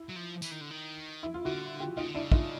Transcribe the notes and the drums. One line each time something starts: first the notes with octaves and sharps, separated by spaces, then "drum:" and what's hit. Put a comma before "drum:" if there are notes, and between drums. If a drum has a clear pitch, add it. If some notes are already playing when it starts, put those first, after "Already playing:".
Already playing: E4
F#3
F3
E3, drum: tambourine
D#3
D3
D#3
E4
F4
D3 E4 F#4
F4 G4
C#3 D#4 F4
D3
D4 E4
C#3
D#4 F4, drum: kick